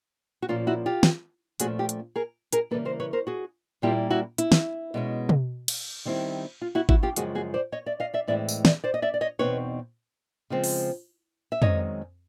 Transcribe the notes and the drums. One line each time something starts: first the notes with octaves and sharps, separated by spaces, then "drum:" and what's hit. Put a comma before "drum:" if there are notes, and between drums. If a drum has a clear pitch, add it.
F#4
A#2 F3 A#3 C#4 F4
E4 F#4
F4 G4
drum: snare
A#2 F3 A3 C#4 F#4 G#4, drum: hi-hat
F4 G4
drum: hi-hat
G#4 A#4
G#4 A#4, drum: hi-hat
C#3 E3 G3 A#3 A4 B4
A#4 C5
B4 C#5
A#4 C5
F#4 G#4
A#2 G3 A#3 C#4 E4 F4 G4
E4 F#4
E4, drum: hi-hat
drum: snare
B2 G#3 C#4
drum: tom
drum: cymbal
D#3 G3 C4 E4
F4
E4 F#4
E4 F#4, drum: kick G#1
F4 G4
F#2 C#3 F3 G#3 F#4 G#4, drum: hi-hat
F#4 G#4
C5 D5
C#5 D#5
D5 E5
D#5 F5
D5 E5
A2 E3 G#3 C4 E4 D5 E5
drum: tambourine
D5 E5, drum: snare
C5 D5
D#5
D5 E5
D5
C#5 D#5
E2 B2 G#3 C4 D#4 B4 C#5
C#3 F3 G#3 C4
drum: open hi-hat
E5
F#2 D#3 G#3 C4 C#5 D#5, drum: tom F2